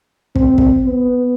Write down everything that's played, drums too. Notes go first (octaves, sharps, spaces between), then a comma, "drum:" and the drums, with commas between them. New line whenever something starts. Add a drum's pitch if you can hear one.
C4, drum: kick
drum: kick
B3